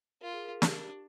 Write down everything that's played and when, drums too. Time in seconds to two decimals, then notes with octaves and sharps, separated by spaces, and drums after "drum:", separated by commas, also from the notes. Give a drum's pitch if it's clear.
0.21 F4 A#4
0.33 G#4
0.45 A#4
0.62 D4 G4, drum: snare